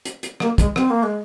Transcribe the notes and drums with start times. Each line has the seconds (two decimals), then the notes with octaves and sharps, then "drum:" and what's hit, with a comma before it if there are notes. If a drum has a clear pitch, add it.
0.05 drum: hi-hat
0.23 drum: hi-hat
0.40 A#3, drum: rim click
0.58 G#3, drum: kick, hi-hat
0.76 C4, drum: rim click
0.90 A#3
1.03 G#3